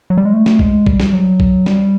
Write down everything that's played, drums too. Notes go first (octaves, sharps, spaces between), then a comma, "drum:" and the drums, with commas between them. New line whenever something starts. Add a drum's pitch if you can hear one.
F#3
G3
G#3
A3
drum: snare
G#3, drum: kick B1
G3, drum: kick B1
drum: snare
F#3
drum: kick B1
G3, drum: snare